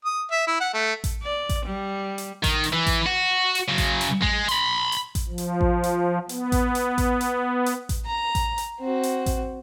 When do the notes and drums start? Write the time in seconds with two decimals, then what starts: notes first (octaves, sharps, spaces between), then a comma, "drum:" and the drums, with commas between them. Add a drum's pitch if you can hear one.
0.05 D#6
0.31 E5
0.47 E4
0.60 F#5
0.74 A3
1.04 drum: kick A1, hi-hat
1.23 D5
1.49 drum: kick A1, hi-hat
1.66 G3
2.18 drum: hi-hat
2.44 D#3, drum: kick A1, hi-hat
2.64 drum: hi-hat
2.73 E3
2.86 drum: kick A1, hi-hat
3.06 F#4
3.55 drum: hi-hat
3.69 C#3 F#3
3.78 drum: kick A1, hi-hat
4.01 drum: hi-hat
4.22 G#3, drum: kick A1
4.48 B5 C6, drum: hi-hat
4.92 drum: hi-hat
5.15 drum: kick A1, hi-hat
5.28 F3
5.38 drum: hi-hat
5.61 drum: kick A1
5.84 drum: hi-hat
6.29 B3, drum: hi-hat
6.52 drum: kick A1, hi-hat
6.75 drum: hi-hat
6.98 drum: kick A1, hi-hat
7.21 drum: hi-hat
7.66 drum: hi-hat
7.89 drum: kick A1, hi-hat
8.06 A#5
8.35 drum: kick A1, hi-hat
8.58 drum: hi-hat
8.80 C4 F#4
9.03 drum: hi-hat
9.26 drum: kick A1, hi-hat